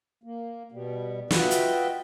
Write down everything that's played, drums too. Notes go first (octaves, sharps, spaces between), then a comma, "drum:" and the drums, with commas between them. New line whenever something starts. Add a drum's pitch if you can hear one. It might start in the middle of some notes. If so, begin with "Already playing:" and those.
A#3
B2 G3
F4 F#4 B4 D#5 E5 G5, drum: snare
drum: hi-hat